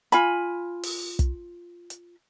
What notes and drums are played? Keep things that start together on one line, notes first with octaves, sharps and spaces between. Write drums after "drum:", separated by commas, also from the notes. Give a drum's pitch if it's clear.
F4 G#5 B5, drum: hi-hat
drum: open hi-hat
drum: kick, hi-hat
drum: hi-hat